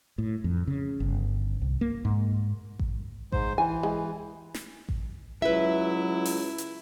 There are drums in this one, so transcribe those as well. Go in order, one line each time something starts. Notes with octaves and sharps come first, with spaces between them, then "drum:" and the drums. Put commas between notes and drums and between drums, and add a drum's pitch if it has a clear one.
A2
F2
C#3
G1
C2
A#3
G#2
drum: kick A1
G#2 C5, drum: kick A1
E3 G#5
G#3
drum: snare
drum: kick A1
C#2 F#3 E4 B4 E5
drum: open hi-hat
drum: hi-hat